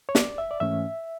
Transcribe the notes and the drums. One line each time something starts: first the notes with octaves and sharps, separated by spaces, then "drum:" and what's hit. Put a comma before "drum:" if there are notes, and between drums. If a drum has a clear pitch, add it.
C#5
D5, drum: snare
E5
D5
G#2 E3 A3 C#4 E5